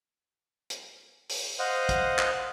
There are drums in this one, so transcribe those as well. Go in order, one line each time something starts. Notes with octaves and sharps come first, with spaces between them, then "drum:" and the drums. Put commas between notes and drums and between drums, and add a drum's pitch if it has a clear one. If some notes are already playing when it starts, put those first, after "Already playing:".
drum: hi-hat
drum: open hi-hat
C5 D#5 F5 F#5
drum: kick, hi-hat
drum: clap